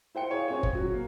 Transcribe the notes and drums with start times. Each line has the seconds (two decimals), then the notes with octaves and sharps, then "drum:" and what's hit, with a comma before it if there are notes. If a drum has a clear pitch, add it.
0.15 E4 C5 G5 C#7
0.30 G#4 C#5 F5
0.48 C4 C#4 G#4 C#5
0.63 drum: kick G1
0.75 F#3
0.94 A#3